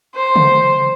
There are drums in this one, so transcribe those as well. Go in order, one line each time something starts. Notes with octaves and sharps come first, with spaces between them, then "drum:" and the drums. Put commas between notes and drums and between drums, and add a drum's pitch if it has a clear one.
C5
drum: tom C#3